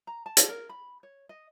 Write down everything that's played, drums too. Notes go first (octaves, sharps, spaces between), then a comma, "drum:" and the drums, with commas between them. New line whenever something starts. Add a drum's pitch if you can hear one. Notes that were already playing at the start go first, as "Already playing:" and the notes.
A#5
A5
drum: hi-hat
A#4
B5
C#5
D#5